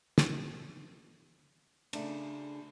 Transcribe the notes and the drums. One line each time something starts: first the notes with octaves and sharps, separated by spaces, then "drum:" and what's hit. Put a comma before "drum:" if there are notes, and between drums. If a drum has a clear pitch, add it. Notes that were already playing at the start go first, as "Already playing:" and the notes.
drum: snare
C#3 A3 D4, drum: cymbal